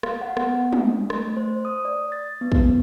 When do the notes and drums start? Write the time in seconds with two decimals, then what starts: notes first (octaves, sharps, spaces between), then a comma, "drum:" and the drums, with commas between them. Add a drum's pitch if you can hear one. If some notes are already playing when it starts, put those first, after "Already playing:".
0.03 F5, drum: rim click
0.21 F#5
0.37 B3, drum: rim click
0.73 drum: tom
0.82 D4
1.10 A3, drum: rim click
1.37 C5
1.65 D#6
1.85 D5
2.12 A6
2.41 B3
2.52 drum: kick